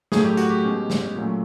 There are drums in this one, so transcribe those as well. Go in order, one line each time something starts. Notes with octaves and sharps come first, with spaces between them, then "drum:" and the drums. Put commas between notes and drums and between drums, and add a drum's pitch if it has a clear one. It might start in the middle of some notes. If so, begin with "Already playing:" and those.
A2 F#3 A3 G#4, drum: snare
G4
F#4, drum: hi-hat
G4
B2 G#3 C#4
drum: snare
A#2 F#3 A3 C#4